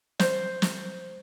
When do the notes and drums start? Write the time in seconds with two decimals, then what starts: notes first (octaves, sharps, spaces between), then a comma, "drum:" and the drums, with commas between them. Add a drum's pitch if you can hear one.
0.19 C5, drum: snare
0.62 drum: snare